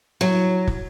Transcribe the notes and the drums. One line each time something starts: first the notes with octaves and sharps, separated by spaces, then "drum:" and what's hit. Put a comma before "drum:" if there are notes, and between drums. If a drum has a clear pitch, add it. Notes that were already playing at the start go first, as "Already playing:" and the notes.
F#3
drum: kick